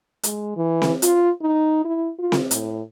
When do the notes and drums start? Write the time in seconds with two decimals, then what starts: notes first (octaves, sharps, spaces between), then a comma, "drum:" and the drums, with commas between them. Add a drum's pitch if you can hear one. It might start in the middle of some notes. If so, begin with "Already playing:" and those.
0.23 G#3, drum: hi-hat
0.56 E3
0.82 drum: snare C4
1.02 F4, drum: hi-hat
1.41 D#4
1.84 E4
2.18 F4
2.32 drum: snare C4
2.51 A2, drum: hi-hat